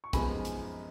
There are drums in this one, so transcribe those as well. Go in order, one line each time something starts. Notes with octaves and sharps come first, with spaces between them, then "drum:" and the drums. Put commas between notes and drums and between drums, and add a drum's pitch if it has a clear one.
C#6
F#2 F3 G#3 B3 D#4 G#5 B5, drum: kick, hi-hat
drum: hi-hat